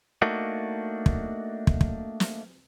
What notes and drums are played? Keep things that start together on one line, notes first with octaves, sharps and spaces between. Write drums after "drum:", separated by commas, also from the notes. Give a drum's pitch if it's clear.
A3 A#3 D4 D#4 F#4
drum: kick
drum: kick
drum: kick
drum: snare